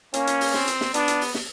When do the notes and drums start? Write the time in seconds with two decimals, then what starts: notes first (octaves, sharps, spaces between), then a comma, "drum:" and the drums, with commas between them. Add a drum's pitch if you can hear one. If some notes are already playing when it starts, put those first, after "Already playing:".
0.14 A#3 C#4, drum: hi-hat
0.27 drum: hi-hat
0.41 drum: open hi-hat
0.54 C4, drum: snare
0.68 drum: hi-hat
0.81 drum: snare
0.94 B3 D4, drum: hi-hat
1.08 drum: hi-hat
1.21 drum: open hi-hat
1.35 drum: snare